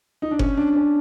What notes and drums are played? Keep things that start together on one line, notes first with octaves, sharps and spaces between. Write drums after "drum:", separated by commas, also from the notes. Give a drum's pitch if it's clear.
D#4
D4
C#4, drum: kick F#1
D4
D4
C#4